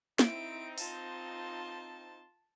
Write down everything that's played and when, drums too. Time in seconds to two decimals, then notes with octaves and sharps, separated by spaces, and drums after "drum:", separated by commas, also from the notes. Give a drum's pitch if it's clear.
0.19 C4 D#4 E4 D7, drum: snare
0.78 F4 A5 C6, drum: open hi-hat